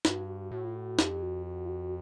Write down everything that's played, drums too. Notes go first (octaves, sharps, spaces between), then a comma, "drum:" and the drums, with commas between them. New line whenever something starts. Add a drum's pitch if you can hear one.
G2 F#4, drum: snare
F#4
A2 F#4
F4
F#4
F2 G4, drum: snare
F#4
F#4
F4
F#4